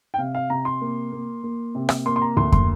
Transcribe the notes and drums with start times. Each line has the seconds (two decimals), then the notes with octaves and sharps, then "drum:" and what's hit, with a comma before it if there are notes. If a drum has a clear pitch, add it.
0.14 G5
0.18 C3 F5
0.35 F5
0.50 C3 A#5
0.65 C6
0.81 A#3
1.12 A#3
1.43 A#3
1.75 C3
1.89 drum: rim click
2.06 A#3 C6
2.16 C6
2.22 A#5
2.37 D2 C6
2.52 C6, drum: kick F2